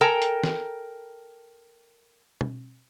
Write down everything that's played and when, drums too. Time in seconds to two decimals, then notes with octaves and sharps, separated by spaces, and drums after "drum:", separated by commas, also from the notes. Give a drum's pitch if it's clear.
0.01 A4 A#4 G5 G#5 A#5
0.22 drum: hi-hat
0.43 drum: snare
2.41 drum: tom B2